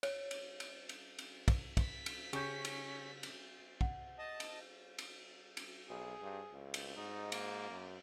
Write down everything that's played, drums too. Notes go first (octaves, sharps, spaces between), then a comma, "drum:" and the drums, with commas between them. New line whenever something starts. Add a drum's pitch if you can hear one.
C#5, drum: cymbal
drum: cymbal
drum: cymbal
drum: cymbal
drum: cymbal
drum: kick, cymbal
B6, drum: kick, cymbal
drum: cymbal
C#3 C#4 G4 G#4 C#6 G6, drum: cymbal
drum: cymbal
drum: cymbal
F#5, drum: kick
D#5 A5
drum: cymbal
drum: cymbal
drum: cymbal
B1 G#4
G2
C#2
drum: cymbal
G#2 D#4
A#3, drum: cymbal
F#2